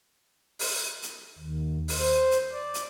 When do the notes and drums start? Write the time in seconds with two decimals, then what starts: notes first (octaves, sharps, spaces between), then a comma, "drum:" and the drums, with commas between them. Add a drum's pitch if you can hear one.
0.59 drum: open hi-hat
1.02 drum: hi-hat
1.38 D#2
1.88 drum: open hi-hat
1.98 C5
2.31 drum: hi-hat
2.52 D5
2.74 drum: hi-hat